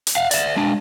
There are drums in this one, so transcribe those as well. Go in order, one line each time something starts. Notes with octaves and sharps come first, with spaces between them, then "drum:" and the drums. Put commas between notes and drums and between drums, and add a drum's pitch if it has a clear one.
drum: hi-hat
F5 F#5
D5 E5, drum: hi-hat
G#3 D4